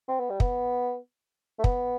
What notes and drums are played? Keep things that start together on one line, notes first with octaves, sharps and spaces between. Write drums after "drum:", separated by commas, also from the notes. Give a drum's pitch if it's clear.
C4
B3
G3
B3, drum: kick
A3
B3, drum: kick